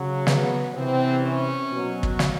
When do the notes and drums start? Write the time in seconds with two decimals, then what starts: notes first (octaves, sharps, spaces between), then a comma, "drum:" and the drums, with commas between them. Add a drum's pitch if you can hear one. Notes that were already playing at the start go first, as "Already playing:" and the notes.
Already playing: C#3 F#3
0.27 B3, drum: snare
0.74 C3 E3 C4
1.22 C#4
1.71 B2 F#3
2.03 drum: kick
2.19 drum: snare